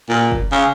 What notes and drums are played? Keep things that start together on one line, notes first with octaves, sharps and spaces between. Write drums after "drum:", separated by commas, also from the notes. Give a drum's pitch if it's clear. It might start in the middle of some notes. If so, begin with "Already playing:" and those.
A#2
drum: kick F#1
C#3